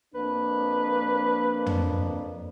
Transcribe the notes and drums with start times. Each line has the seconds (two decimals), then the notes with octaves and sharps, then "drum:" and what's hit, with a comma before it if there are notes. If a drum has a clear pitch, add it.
0.14 F2 A#3 D4 B4
1.66 drum: tom